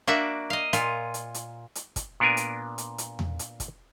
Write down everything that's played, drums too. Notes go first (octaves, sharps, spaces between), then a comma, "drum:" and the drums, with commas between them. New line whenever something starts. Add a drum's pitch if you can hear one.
A#3 D4 F#4 E5
D#5 F5
A#2 F4 G#5, drum: hi-hat
drum: hi-hat
drum: hi-hat
drum: hi-hat
drum: kick, hi-hat
A#2 B3 D4 A#4 G#5
drum: hi-hat
drum: hi-hat
drum: hi-hat
drum: tom E2
drum: hi-hat
drum: kick, hi-hat